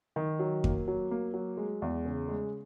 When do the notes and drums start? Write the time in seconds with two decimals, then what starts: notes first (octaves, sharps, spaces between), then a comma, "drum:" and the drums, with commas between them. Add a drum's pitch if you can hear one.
0.16 D#3
0.39 F#3
0.64 A#3, drum: kick F2
0.88 F#3
1.11 A#3
1.34 F#3
1.57 G#3
1.82 E2
2.06 C#3
2.28 G#3